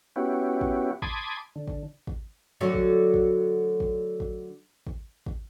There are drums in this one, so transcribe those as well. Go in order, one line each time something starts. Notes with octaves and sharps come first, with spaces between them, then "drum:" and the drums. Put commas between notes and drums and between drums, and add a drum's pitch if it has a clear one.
B3 C#4 E4 F#4 G4
drum: kick
A5 B5 C6 D6 D#6 G#6, drum: kick
D3
drum: kick
drum: kick
D3 F#3 A3
drum: kick
drum: kick
drum: kick
drum: kick
drum: kick
drum: kick